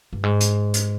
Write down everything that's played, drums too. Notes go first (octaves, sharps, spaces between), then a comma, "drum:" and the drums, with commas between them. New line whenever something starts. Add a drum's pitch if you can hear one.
G2
G#2
drum: hi-hat
drum: hi-hat